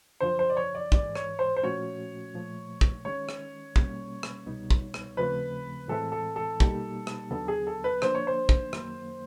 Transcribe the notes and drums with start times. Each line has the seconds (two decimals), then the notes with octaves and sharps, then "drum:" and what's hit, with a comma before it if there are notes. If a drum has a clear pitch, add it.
0.20 F#2 D3 F3 C5
0.39 C5
0.50 D5
0.57 C#5
0.75 D5
0.92 G#2 E3 G#3 D5, drum: kick
1.15 C#5, drum: rim click
1.39 C5
1.57 C5
1.63 A#2 F3 A3 C#4 F#4 C#5
2.34 A#2 F3 A3
2.81 drum: kick
3.05 D#3 G#3 C#4 C#5
3.29 drum: rim click
3.76 B2 G3 A#3 C#4, drum: kick
4.23 drum: rim click
4.46 C2 B2 G3 B3 D#4
4.71 drum: kick
4.94 drum: rim click
5.17 D#2 C#3 F3 A3 C4 B4
5.88 A2 E3 G#3 C4 E4 A4
6.12 A4
6.36 A4
6.60 B2 G3 A#3 D#4 G4, drum: kick
7.07 drum: rim click
7.30 D#2 D3 F#3 B3 A4
7.48 G#4
7.67 A4
7.84 B4
8.02 D3 F3 A#3 D4 C5, drum: rim click
8.15 C#5
8.27 C5
8.49 drum: kick
8.73 F#2 D#3 F#3 A#3, drum: rim click